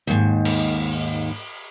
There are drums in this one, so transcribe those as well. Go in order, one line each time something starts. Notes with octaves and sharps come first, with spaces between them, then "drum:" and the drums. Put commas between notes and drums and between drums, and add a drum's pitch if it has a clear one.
D#2 G#2
drum: cymbal
drum: open hi-hat